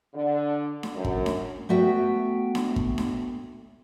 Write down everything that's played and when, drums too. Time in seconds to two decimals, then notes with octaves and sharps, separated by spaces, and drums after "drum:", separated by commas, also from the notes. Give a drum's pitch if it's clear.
0.15 D3
0.83 drum: snare D4
0.95 F#2
1.05 drum: kick
1.26 drum: snare D4
1.69 A3 B3 F#4 E5 G5
2.55 drum: snare D4
2.76 drum: kick
2.98 drum: snare D4